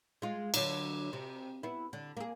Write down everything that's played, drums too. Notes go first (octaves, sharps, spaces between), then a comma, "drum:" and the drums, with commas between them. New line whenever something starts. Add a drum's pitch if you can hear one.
G#3 F4
D3 F#3 D4, drum: cymbal
C3
B3 E4
D3
A#3 G#4